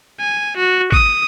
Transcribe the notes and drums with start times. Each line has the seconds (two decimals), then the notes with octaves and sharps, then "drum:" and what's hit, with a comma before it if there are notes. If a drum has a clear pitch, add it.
0.20 G#5
0.57 F#4
0.92 D#6, drum: kick G#1